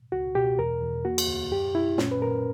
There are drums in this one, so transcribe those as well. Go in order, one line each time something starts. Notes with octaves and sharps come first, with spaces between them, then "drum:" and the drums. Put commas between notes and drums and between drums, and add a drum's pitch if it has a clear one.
C#2 F#4
B2 G4
E2 A#4
E2
A#3 F#4
drum: cymbal
D2
F#2 G4
F#2 E4
A#2 C#4, drum: snare
B4
A#2 A#4